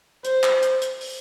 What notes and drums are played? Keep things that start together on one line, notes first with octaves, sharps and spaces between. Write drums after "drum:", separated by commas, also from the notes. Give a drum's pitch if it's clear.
C5, drum: hi-hat
drum: clap
drum: hi-hat
drum: hi-hat
drum: open hi-hat